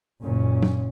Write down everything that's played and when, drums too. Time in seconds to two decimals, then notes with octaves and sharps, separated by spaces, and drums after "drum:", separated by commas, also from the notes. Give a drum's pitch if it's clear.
0.23 F#1 A#2 C#4
0.63 drum: tom